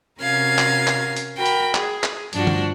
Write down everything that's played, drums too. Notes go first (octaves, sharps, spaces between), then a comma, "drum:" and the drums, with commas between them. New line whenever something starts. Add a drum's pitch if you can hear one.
C3 C#4 F#4 A#4 F5 G#6
drum: clap
drum: clap
drum: hi-hat
F#4 A#4 G5 B5
drum: hi-hat
G#4, drum: clap
drum: clap
G2 F3 D4 F#4, drum: hi-hat
drum: tom